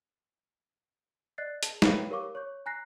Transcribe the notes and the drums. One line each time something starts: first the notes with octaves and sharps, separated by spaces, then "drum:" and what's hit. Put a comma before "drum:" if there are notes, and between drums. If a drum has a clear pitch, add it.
D5 D#5 F#6 A6 C7
G#4 A5, drum: hi-hat
B4 C#5 F5 G5 B5, drum: snare
G4 A#4 C#5 F5 C#6 D6
C#5 C#6 G6
G#5 A#5 F#6 A#6 C7